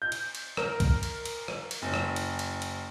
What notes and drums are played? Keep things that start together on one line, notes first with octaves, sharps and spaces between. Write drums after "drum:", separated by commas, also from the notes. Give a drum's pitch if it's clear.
G6
drum: cymbal
drum: cymbal
A#4, drum: rim click
drum: kick, cymbal
drum: cymbal
drum: cymbal
drum: rim click
drum: cymbal
F#1
drum: rim click
drum: cymbal
drum: cymbal
drum: cymbal